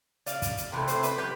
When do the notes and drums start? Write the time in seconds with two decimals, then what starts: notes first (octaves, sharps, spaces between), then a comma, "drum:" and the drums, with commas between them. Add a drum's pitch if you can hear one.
0.26 D5 F5, drum: hi-hat
0.42 drum: kick, hi-hat
0.57 drum: hi-hat
0.72 C3 E3 A3
0.88 C5 E5, drum: hi-hat
1.03 B4 D5, drum: hi-hat
1.18 G4 B4, drum: rim click